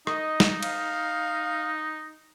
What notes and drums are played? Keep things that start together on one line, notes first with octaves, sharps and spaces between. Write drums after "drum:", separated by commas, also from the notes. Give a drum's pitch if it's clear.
D#4 D#5, drum: rim click
drum: snare
F5, drum: cymbal